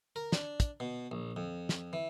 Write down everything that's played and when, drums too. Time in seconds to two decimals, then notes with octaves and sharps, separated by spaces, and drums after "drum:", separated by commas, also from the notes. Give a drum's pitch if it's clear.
0.16 A#4
0.32 D4, drum: snare
0.60 drum: kick, hi-hat
0.80 B2
1.11 A#1
1.36 F2
1.69 drum: snare
1.93 E3